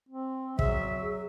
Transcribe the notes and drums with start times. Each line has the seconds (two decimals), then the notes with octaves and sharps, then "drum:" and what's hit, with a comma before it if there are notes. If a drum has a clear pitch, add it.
0.09 C4
0.59 F#3 G#4 E5, drum: kick